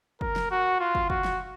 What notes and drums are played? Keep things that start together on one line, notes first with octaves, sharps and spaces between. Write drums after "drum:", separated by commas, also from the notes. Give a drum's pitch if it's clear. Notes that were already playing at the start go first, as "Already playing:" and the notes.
A#4, drum: kick
drum: snare
F#4
F4
drum: kick
F#4, drum: kick
drum: snare